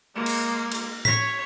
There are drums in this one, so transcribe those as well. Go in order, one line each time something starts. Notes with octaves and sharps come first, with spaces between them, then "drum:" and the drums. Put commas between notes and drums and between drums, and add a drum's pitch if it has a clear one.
G#3 A#3
drum: cymbal
drum: cymbal
C#5 B6, drum: tom A2